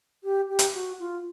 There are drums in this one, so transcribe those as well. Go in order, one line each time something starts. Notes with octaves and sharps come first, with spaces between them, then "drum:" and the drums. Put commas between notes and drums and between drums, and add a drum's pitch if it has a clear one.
G4
G4
drum: hi-hat
F#4
F4